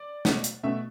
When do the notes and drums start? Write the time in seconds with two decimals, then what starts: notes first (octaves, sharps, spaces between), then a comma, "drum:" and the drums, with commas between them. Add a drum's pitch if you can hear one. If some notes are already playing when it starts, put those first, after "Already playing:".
Already playing: D5
0.25 B2 F#3 A3, drum: snare
0.44 drum: hi-hat
0.63 B2 A3 E5